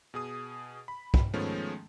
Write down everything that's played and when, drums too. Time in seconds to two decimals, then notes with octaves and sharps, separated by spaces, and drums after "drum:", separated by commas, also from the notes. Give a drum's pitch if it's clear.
0.14 B2 G#4 D#6
0.88 B5
1.14 drum: kick
1.33 D#3 F3 G#3 A3 B3 C#4